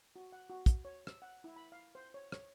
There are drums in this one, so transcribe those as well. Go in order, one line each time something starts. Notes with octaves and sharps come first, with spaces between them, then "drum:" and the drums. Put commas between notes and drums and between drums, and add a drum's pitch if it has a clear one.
F#4
F#5
F#4
drum: kick, hi-hat
C#5
E6, drum: rim click
F#5
E4
B5
F5
C5
C#5
C#5, drum: rim click